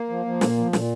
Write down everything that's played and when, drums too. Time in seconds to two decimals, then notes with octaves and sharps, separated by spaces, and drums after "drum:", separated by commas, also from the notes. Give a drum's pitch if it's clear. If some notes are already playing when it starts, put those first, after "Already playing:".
Already playing: A#3
0.10 F3
0.25 F3
0.41 A#2, drum: snare
0.57 F3
0.73 A#2, drum: snare